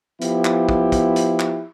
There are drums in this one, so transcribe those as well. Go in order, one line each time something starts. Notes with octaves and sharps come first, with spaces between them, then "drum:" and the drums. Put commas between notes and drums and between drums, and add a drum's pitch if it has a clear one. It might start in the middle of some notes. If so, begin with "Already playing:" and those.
F3 B3 E4 G4, drum: hi-hat
drum: clap
drum: kick
drum: kick, hi-hat
drum: hi-hat
drum: clap